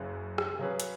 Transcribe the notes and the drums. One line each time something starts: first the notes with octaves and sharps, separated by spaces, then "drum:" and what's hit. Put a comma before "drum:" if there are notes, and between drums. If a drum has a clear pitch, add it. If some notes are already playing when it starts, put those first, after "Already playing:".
Already playing: F#1 F#2 C#3
drum: rim click
C#3 F#3 C#4 G#4 B4
drum: hi-hat